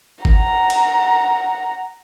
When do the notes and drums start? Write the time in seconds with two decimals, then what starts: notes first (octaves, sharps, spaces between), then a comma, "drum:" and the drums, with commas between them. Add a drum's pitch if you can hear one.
0.25 F#5 A#5, drum: kick G1
0.70 drum: cymbal